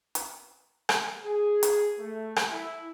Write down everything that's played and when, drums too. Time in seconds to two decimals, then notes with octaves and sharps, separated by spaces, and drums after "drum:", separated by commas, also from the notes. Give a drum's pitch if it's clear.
0.15 drum: hi-hat
0.89 drum: rim click
1.23 G#4
1.63 drum: hi-hat
2.00 A3
2.36 drum: rim click
2.51 E4